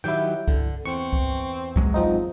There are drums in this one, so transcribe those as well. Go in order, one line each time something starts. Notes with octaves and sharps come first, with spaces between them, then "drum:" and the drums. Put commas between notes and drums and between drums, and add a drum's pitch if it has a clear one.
D#3 F#3 E4 G4 G5
D3, drum: kick C#2
E2 C4 C#6
drum: kick C#2
G#1 F#3 G#3, drum: kick C#2
F3 C4 D#4